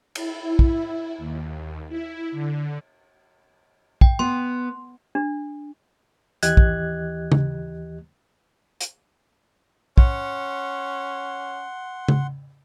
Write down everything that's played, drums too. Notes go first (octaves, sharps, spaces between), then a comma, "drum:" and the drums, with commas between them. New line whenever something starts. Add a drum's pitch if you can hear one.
E4, drum: cymbal
E4, drum: kick
D#2
E4
D3
G5, drum: kick
B3 C6
D4
D#2 E3 G4 D#5 F#6 G#6, drum: hi-hat
drum: kick
drum: tom C#3
drum: hi-hat
C#4 F#5 C6, drum: kick
drum: tom C#3